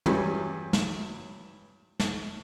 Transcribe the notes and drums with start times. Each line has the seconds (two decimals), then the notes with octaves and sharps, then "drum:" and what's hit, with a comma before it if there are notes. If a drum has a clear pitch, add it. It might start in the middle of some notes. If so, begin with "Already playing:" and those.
0.06 E2 G2 F#3 G3 C#4 E4, drum: tom
0.73 drum: snare
2.00 drum: snare